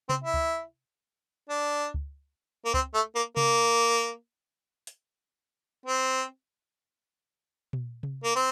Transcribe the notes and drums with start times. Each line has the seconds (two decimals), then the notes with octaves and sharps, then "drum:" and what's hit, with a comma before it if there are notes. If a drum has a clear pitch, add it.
0.09 C4, drum: tom C3
0.24 E4
0.34 drum: kick C#2
1.49 D4
1.94 drum: kick C#2
2.66 A#3
2.74 C4, drum: kick C#2
2.94 A3
3.16 A#3
3.37 A#3, drum: tom C3
4.87 drum: hi-hat
5.86 C4
7.73 drum: tom A#2
8.03 drum: tom C3
8.24 A#3
8.36 C4